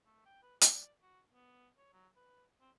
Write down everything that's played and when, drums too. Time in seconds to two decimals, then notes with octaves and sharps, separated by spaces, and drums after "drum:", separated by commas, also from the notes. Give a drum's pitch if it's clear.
0.05 A3
0.26 G5
0.42 B4
0.61 G4, drum: hi-hat
0.74 D5
1.02 F#4
1.32 B3
1.77 C#5
1.93 F#3
2.16 B4
2.60 C4